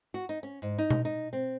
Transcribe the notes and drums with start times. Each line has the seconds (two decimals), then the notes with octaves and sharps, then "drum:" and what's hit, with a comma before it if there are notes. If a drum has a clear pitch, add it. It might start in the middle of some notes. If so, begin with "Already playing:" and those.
0.14 F#4
0.29 D#4
0.43 C#4
0.62 G#2
0.78 D#4
0.90 drum: tom B2
1.05 D#4
1.33 C4